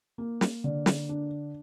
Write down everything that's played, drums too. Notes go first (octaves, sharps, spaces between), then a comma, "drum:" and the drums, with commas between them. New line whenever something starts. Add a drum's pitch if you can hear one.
A#3
drum: snare
D3
drum: snare
D4